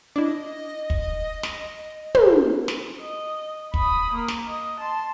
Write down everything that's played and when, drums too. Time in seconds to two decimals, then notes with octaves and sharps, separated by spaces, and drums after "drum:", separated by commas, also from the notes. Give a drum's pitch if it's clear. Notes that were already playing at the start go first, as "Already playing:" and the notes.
0.16 D4 E4 D#5
0.90 drum: kick
1.43 drum: snare
2.15 drum: tom
2.68 drum: snare
3.00 D#5
3.74 B5 D#6, drum: kick
4.13 A#3 A#4
4.28 drum: snare
4.46 D#5
4.80 A5 C6